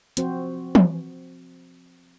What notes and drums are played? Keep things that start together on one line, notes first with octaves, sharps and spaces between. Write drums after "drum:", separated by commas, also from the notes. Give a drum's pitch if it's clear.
F3 C4 F#4 C5, drum: hi-hat
drum: tom